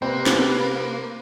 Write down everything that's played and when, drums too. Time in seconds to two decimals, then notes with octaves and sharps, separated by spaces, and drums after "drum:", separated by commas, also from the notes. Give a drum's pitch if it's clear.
0.02 C3 A#3 C4 B4
0.26 drum: snare